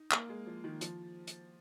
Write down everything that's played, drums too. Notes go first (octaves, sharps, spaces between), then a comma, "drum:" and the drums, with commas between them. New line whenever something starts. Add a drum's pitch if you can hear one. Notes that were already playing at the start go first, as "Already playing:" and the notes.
Already playing: D#4
A#3, drum: clap
G#3
F3
D#3
F3, drum: hi-hat
drum: hi-hat